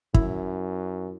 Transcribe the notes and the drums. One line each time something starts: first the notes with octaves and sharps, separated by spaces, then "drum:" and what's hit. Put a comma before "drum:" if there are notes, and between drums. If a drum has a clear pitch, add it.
F#2 E4, drum: kick